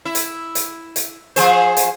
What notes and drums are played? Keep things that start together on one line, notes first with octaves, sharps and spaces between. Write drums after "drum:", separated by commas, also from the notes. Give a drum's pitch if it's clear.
E4
drum: hi-hat
drum: hi-hat
drum: hi-hat
F3 G#4 C5, drum: hi-hat
drum: hi-hat